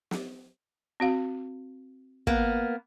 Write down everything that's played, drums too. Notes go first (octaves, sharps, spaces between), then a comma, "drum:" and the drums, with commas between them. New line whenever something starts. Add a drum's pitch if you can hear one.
drum: snare
C4 F#4 F5
A#3 B3, drum: kick